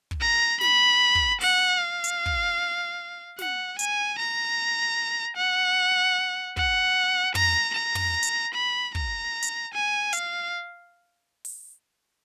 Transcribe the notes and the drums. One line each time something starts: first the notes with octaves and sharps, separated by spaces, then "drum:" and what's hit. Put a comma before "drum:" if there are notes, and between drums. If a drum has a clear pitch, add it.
drum: kick
A#5
B5, drum: snare
drum: kick
F#5, drum: open hi-hat
F5
drum: hi-hat
drum: kick
F#5, drum: snare
G#5, drum: hi-hat
A#5
F#5
F#5, drum: kick
A#5, drum: tom
A#5
drum: tom
drum: hi-hat
B5
A#5, drum: kick
drum: hi-hat
G#5
F5, drum: hi-hat
drum: open hi-hat